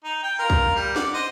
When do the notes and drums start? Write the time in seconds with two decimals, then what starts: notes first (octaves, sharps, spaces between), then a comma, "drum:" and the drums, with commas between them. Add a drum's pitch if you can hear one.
0.04 D#4
0.23 G5
0.39 F4 A#4
0.50 drum: kick
0.76 G3
0.96 D5 F#5, drum: snare
1.14 C5 D#5